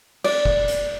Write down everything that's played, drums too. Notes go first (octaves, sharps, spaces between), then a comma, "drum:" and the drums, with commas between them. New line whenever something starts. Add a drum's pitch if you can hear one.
D5, drum: cymbal
drum: kick F#1
drum: hi-hat